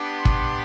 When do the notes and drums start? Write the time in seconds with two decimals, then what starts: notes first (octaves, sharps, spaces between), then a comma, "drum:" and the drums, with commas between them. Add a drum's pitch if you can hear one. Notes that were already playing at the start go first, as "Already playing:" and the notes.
Already playing: B3 D4 G4
0.14 C6
0.25 drum: kick